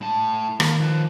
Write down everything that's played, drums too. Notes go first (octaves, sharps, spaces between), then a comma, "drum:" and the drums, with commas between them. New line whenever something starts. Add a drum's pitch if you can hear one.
A2 A5
D#3 A#3, drum: rim click
F3 B4